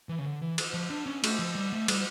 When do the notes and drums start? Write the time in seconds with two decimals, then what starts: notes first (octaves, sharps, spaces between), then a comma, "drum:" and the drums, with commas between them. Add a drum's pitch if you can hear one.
0.09 E3
0.19 C#3
0.26 D3
0.42 E3
0.58 drum: cymbal
0.74 F3
0.90 D4
1.06 C#4
1.24 A3, drum: cymbal
1.39 F3
1.55 G3
1.73 A3
1.88 G3, drum: cymbal